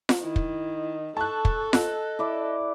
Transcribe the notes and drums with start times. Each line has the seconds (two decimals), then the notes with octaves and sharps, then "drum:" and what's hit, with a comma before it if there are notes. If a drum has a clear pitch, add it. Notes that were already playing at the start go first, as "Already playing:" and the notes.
0.09 drum: snare F4
0.22 D#3 E4
0.36 drum: kick
1.17 A4 A5 C#6 F#6
1.45 drum: kick
1.73 D#5 F#6, drum: snare F4
2.19 E4 D5